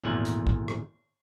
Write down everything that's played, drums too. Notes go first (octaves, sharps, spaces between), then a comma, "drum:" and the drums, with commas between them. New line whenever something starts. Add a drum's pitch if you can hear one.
G#1 E2 A#2 A3 F#5 G#5
drum: hi-hat
drum: kick
drum: rim click